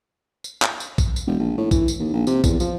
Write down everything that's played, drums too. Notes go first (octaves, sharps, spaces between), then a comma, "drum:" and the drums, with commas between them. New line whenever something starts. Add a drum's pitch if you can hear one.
drum: tambourine
drum: clap
drum: tambourine
drum: kick, tambourine
drum: tambourine
E1
A#1
A2
E3, drum: kick, tambourine
drum: tambourine
D#2
A#1
C3, drum: tambourine
E2, drum: kick, tambourine
F3, drum: tambourine